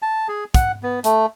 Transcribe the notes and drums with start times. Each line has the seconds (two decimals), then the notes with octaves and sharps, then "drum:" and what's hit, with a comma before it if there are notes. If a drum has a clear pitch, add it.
0.02 A5
0.28 G#4
0.54 F#5, drum: kick, hi-hat
0.83 B3
1.04 A3, drum: hi-hat